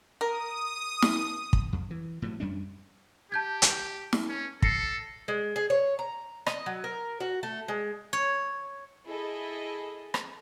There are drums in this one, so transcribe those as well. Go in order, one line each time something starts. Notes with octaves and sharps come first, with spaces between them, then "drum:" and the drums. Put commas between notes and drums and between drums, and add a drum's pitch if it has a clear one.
A#4 D#6
drum: snare
drum: kick
F2
E3
A2 F3 F#3
F#2 G3 C#4 D4
G4 A5 G6 G#6
drum: hi-hat
drum: snare
C#4
A4 A#6 C7 C#7, drum: kick
G#3
G#4
C#5
A#5
D#5, drum: rim click
F#3
A#4
F#4
A3
G#3
C#5
E4 G#4 A4 D#5
drum: rim click